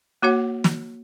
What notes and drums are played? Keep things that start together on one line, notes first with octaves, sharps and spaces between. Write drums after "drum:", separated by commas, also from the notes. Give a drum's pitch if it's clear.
A#3 F#4 C#5 F#5
drum: snare